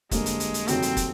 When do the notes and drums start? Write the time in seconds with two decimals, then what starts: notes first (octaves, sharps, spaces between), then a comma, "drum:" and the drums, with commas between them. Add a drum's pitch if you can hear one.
0.11 F2 D3 G3 G#3 A#3, drum: kick, hi-hat
0.26 drum: hi-hat
0.40 drum: hi-hat
0.54 drum: hi-hat
0.68 F2 C3 D#3 F#3 A#3 C4, drum: hi-hat
0.82 drum: hi-hat
0.97 drum: kick, hi-hat